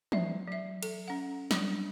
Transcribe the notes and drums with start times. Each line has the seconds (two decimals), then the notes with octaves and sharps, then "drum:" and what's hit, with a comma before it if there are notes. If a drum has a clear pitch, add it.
0.12 D5 E5, drum: tom E3
0.47 F#3 E5
0.83 A4, drum: cymbal
1.08 C#4 F#5
1.51 G3 D4, drum: snare